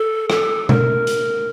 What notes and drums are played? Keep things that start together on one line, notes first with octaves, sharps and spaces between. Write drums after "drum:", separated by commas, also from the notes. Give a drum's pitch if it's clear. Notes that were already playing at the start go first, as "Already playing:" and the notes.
Already playing: A4
A4, drum: rim click
A#4, drum: tom B2
drum: hi-hat